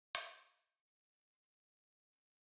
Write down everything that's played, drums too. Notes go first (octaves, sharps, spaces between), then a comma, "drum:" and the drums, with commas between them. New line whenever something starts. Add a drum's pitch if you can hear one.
C#5, drum: hi-hat
C#7
D5
C6
A#5
C#4